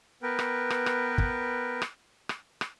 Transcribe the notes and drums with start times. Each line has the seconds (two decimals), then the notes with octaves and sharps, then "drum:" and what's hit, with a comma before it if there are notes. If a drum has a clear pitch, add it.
0.23 B3 A#4 B4 G5
0.39 drum: rim click
0.70 drum: rim click
0.86 drum: rim click
1.18 drum: kick
1.82 drum: rim click
2.29 drum: rim click
2.61 drum: rim click